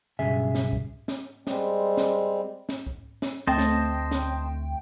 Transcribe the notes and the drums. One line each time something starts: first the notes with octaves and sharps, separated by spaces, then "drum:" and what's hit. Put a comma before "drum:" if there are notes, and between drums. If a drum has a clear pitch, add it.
B1 G2 C#3 G#4 E5
drum: snare
drum: kick
drum: snare
G3 G#3 C4, drum: snare
drum: snare
drum: snare
drum: kick
drum: snare
D2 A3 C4 C5 D#5 G5 A5
drum: snare
drum: snare